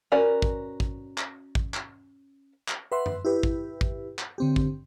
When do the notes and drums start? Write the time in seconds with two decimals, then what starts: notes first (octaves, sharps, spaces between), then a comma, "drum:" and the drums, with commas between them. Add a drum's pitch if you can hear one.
0.12 C#4 F#4 A#4 B4 D5
0.42 drum: kick
0.80 drum: kick
1.18 drum: clap
1.55 drum: kick
1.74 drum: clap
2.68 drum: clap
2.92 B4 E5 F#5 C6
3.06 drum: tom F#2
3.25 E4 G4 B4
3.43 drum: kick
3.81 drum: kick
4.19 drum: clap
4.38 D3 C4 G4
4.56 drum: kick